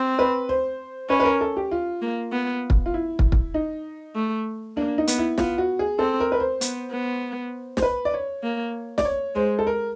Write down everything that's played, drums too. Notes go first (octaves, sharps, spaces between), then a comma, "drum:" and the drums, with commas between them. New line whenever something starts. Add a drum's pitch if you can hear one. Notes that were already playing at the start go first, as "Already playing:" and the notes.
Already playing: C4
B4
C5
C#4 B4
B4
A#4
A4
G4
F4
A#3
B3
drum: kick
F4
E4
drum: kick
drum: kick
D#4
A3
A#3 D4
D#4
B3, drum: hi-hat
E4
B3 F4, drum: snare
F#4
G#4
C4 A4
A#4
B4
C5
B3, drum: hi-hat
B3
C5, drum: snare
B4
D5
C#5
A#3
D5, drum: snare
C#5
G#3 C5
A4
A#4